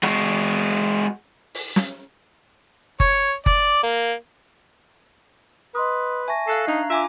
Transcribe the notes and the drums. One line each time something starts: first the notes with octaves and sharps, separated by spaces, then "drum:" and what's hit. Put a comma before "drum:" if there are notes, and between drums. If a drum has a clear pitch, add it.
G#3 F#4, drum: rim click
drum: open hi-hat
drum: snare
C#5, drum: kick F#1
D5, drum: kick F#1
A#3
B4 D#5 C6 D#6
E5 G#5 A5 C#6 A#6
A4 F5 F#6 C7
D4 D#4 F5 A#5
F4 E5 G#5 D6